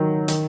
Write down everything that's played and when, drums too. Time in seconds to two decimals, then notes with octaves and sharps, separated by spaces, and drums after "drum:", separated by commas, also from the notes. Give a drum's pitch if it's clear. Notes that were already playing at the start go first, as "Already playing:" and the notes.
Already playing: D#3 F#3
0.28 D#3, drum: hi-hat